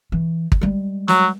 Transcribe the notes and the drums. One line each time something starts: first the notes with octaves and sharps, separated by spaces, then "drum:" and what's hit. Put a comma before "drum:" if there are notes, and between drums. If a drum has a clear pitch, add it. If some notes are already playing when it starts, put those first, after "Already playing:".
E3
drum: kick
G3 G#3
F#3, drum: snare